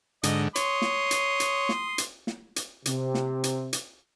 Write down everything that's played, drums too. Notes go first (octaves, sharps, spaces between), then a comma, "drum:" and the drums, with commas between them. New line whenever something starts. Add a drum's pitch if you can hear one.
G#2 D3 D#5, drum: hi-hat
C#5 C6 D#6, drum: hi-hat
drum: snare
drum: hi-hat
drum: hi-hat
drum: snare
drum: hi-hat
drum: snare
drum: hi-hat
C3, drum: hi-hat
drum: snare
drum: hi-hat
drum: hi-hat